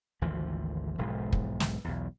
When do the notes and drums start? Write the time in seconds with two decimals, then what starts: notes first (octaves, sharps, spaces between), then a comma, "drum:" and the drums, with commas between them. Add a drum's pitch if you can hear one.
0.21 G#1 D2 E3 F3
0.98 E1 B1 G#2 F3
1.32 drum: kick
1.60 drum: snare
1.84 B1 E2